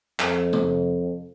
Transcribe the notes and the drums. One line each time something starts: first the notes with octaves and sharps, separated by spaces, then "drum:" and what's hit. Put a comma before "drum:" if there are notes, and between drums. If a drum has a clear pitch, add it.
F2, drum: clap
drum: tom C3